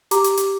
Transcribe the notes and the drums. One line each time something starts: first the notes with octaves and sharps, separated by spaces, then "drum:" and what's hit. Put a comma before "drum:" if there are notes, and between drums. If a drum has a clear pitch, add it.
G4 A#5 D6, drum: hi-hat
drum: hi-hat
drum: hi-hat